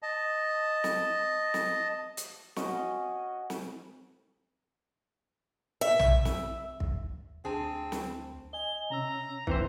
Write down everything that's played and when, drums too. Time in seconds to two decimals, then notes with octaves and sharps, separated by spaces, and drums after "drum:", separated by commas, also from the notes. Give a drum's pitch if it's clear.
0.03 D#5 A5
0.84 drum: snare
1.54 drum: snare
2.17 drum: hi-hat
2.56 C#4 F#4 D#5, drum: snare
3.50 drum: snare
5.81 E5
5.99 drum: tom A#1
6.25 drum: snare
6.80 drum: kick
7.45 D2 D3 C4 G#4 A5
7.92 drum: snare
8.53 D#5 G#5 G7
8.90 C3 C#4 A#5 E6
9.47 E3 C4 C5, drum: kick